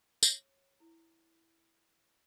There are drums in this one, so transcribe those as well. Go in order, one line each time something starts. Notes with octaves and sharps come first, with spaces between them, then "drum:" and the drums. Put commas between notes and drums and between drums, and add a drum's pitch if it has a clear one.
C#5, drum: tambourine
E4